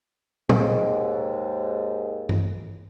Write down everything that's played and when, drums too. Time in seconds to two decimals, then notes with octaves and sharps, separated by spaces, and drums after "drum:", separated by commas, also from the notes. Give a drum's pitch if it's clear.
0.49 D#2 G#2, drum: tom
2.29 drum: tom G2